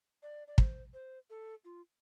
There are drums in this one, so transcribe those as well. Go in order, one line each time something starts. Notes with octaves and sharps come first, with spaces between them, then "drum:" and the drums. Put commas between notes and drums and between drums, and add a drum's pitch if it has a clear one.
D5
D5
C5, drum: kick
C5
A4
F4